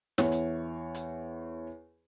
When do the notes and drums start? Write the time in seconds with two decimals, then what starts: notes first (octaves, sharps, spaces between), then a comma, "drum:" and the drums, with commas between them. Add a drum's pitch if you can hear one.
0.18 E2 C#5, drum: snare
0.32 drum: hi-hat
0.95 drum: hi-hat